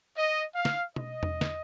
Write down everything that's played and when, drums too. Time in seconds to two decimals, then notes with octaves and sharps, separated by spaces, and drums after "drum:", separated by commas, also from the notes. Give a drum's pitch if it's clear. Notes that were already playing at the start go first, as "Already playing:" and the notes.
0.15 D#5
0.55 F5
0.65 drum: snare
0.96 D#5, drum: tom B2
1.23 drum: tom E2
1.41 drum: snare